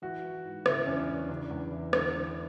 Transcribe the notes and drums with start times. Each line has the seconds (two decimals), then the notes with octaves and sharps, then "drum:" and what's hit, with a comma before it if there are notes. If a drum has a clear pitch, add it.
0.02 E3 F#4
0.23 E3
0.44 G#2
0.66 C#3 E4, drum: rim click
0.86 E2 C#4
0.97 D4
1.08 E3
1.29 C#3 D4
1.51 E2
1.72 E3
1.93 D3, drum: rim click
2.14 D3